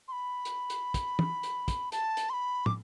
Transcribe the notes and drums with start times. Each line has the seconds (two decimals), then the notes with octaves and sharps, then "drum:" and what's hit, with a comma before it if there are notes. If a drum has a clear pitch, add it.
0.08 C6
0.12 B5
0.45 drum: hi-hat
0.70 drum: hi-hat
0.94 drum: kick, hi-hat
1.19 drum: tom
1.43 drum: hi-hat
1.68 drum: kick, hi-hat
1.92 A5, drum: hi-hat
2.17 drum: hi-hat
2.30 C6
2.33 B5
2.66 D6, drum: tom